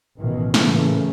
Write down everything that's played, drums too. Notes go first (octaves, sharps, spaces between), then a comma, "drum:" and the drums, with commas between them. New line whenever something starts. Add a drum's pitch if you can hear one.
A1 B2 D#3 E3
A2 C#3 E3 A3 A#3, drum: snare